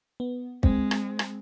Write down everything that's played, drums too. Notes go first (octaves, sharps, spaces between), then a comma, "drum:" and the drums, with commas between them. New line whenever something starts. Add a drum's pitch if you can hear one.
B3
G#3 C4, drum: kick
drum: rim click
drum: rim click